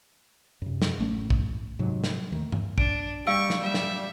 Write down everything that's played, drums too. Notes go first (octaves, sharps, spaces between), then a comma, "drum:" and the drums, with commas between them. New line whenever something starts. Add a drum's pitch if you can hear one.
F#2 C3
drum: snare
A1 A3 C#4
drum: kick
G#2 C3 F#3
drum: snare
D#2 D#3 A3
drum: tom G2
D4 D7, drum: kick
G3 F5 C#6 E6 D7
drum: snare
G3 E5
drum: snare